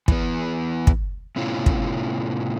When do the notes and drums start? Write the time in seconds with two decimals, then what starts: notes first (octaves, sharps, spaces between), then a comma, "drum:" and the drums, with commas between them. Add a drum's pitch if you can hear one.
0.08 E3 B3, drum: kick
0.87 drum: kick
1.36 A2 C3 B3 C#4 E4 F4
1.66 drum: kick